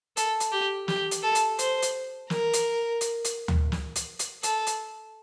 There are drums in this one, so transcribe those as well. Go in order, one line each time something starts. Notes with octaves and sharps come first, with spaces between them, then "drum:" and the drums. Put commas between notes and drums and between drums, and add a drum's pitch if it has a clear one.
A4, drum: hi-hat
drum: hi-hat
G4
G4, drum: snare
drum: hi-hat
A4
drum: hi-hat
C5, drum: hi-hat
drum: hi-hat
A#4, drum: snare
drum: hi-hat
drum: hi-hat
drum: hi-hat
drum: tom D2
drum: snare
drum: hi-hat
drum: hi-hat
A4, drum: hi-hat
drum: hi-hat